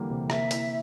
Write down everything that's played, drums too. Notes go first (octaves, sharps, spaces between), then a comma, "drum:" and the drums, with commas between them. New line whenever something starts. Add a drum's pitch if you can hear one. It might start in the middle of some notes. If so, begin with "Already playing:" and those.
Already playing: D3 E3 G3 A#3
C3
A#3 E5, drum: rim click
E4, drum: hi-hat